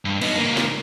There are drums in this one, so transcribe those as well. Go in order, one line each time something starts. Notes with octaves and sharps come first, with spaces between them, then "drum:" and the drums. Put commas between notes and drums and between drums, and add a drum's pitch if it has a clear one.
G2
B3 D#4, drum: cymbal
C#2 A#3
drum: snare